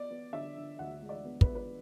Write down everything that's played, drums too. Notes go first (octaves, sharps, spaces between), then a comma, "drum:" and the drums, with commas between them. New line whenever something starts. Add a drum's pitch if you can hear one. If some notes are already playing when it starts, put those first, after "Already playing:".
Already playing: B3 D5
B3
D3 E5
D3
D2 F#5
G#3
D5
B3
B4, drum: kick
B3
B4